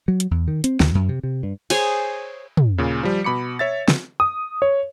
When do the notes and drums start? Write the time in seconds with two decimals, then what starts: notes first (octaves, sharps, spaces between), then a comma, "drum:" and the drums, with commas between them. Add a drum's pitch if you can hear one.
0.08 F#3
0.20 drum: hi-hat
0.31 E2
0.48 D#3
0.64 C4, drum: hi-hat
0.80 D#2, drum: snare
0.95 F#2
1.09 C3
1.23 C3
1.43 G2
1.70 G#4 C5 C#5 G#5, drum: cymbal
2.57 drum: tom
2.78 A#2 C#3
3.03 F3 G3
3.24 B2 B5 D6 C#7
3.59 C#5 E5 A6
3.88 drum: snare
4.20 D#6
4.62 C#5